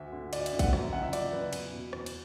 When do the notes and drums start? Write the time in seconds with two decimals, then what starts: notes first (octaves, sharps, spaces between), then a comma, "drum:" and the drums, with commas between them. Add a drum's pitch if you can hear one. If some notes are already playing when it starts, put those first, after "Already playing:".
Already playing: D2 E5
0.13 D3
0.33 D2 D5, drum: cymbal
0.46 E5, drum: cymbal
0.53 D3
0.59 F#5, drum: kick A#1, cymbal
0.73 F#2, drum: rim click
0.83 E5
0.93 C#3 E3 F#5
1.03 E5
1.13 F#2 D5, drum: cymbal
1.33 C#3 E3 B4
1.53 E2, drum: cymbal
1.73 B2
1.93 E2, drum: rim click
2.06 drum: cymbal